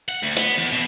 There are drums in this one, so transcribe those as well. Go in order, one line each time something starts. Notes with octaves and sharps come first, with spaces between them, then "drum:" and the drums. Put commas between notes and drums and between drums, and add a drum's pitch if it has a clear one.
F#5
D2
B3, drum: hi-hat
E2
B2